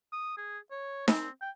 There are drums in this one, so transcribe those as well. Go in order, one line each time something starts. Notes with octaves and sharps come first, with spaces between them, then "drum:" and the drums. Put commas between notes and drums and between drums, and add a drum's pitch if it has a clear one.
D#6
G#4
C#5
C4, drum: snare D#4
G5